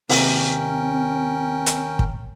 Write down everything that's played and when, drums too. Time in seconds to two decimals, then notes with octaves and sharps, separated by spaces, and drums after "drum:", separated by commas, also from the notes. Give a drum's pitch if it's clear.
0.09 D#2 C3 C4 C#4 A#4 G5, drum: open hi-hat
1.66 drum: hi-hat
1.99 drum: kick